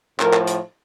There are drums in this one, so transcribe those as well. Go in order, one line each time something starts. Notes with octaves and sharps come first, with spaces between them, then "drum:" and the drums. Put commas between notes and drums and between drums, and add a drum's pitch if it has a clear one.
A2 F3 A#4, drum: clap
drum: clap
drum: hi-hat